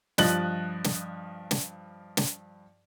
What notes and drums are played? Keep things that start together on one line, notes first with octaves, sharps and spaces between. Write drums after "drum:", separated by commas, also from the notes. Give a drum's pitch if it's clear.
G2 F3 D#5 F#6 A6 F#7, drum: snare
drum: snare
drum: snare
drum: snare